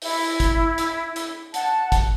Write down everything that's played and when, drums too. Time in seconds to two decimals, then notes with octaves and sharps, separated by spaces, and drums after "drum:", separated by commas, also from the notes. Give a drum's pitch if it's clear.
0.02 E4, drum: open hi-hat
0.40 drum: kick G#1, hi-hat
0.78 drum: hi-hat
1.16 drum: hi-hat
1.54 F#5 A5, drum: hi-hat
1.92 drum: kick G#1, hi-hat